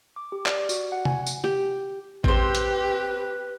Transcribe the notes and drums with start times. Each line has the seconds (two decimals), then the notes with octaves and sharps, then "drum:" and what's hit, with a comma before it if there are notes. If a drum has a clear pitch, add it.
0.16 D6
0.32 G4
0.46 D5, drum: clap
0.69 F#4, drum: tambourine
0.92 F#5
1.05 G#5, drum: tom C3
1.26 drum: tambourine
1.44 G4
2.24 C4 G4 B4 C5, drum: kick A1
2.55 drum: hi-hat